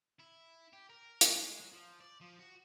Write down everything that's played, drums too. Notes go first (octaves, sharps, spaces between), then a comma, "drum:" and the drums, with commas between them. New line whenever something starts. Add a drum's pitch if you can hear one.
E4
G4
A#4
drum: hi-hat
G#3
F#3
F3
D5
F3
F#4